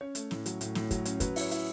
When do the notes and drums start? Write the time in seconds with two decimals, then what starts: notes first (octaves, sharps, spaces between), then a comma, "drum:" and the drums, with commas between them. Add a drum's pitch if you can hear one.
0.01 C#4 C#5
0.15 A3, drum: hi-hat
0.31 A2, drum: snare
0.46 F#3, drum: hi-hat
0.61 A2, drum: hi-hat
0.75 A2, drum: snare
0.91 F#3, drum: kick, hi-hat
1.05 C#4, drum: hi-hat
1.20 F#3 B4, drum: kick, hi-hat
1.36 E4 C#5, drum: open hi-hat
1.51 E4, drum: hi-hat